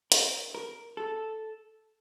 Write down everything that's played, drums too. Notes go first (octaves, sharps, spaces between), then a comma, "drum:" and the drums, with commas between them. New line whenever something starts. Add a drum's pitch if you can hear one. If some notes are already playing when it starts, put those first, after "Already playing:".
A#4, drum: hi-hat
A#4
A4